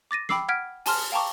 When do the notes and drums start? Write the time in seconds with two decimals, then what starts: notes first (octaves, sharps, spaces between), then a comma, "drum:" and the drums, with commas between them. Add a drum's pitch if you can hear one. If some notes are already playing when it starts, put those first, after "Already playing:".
0.11 D6 A6 A#6 D#7
0.29 G5 B5 D6 E6 C7, drum: snare
0.48 F#5 F6 G#6 B6 D7
0.86 G#5 A5 C6 F6, drum: open hi-hat
1.12 F5 G5 A5 A#5 C#6 D6